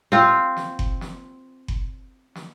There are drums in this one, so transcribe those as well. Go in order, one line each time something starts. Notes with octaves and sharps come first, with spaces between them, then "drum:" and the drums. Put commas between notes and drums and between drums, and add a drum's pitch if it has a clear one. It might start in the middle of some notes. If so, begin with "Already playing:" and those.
C4 F4
drum: snare
drum: kick F#1
drum: snare
drum: kick F#1
drum: snare